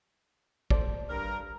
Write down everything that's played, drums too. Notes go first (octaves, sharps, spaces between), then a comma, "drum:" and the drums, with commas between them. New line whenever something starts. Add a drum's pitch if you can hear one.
A4 C5 D5, drum: kick
G2 A#4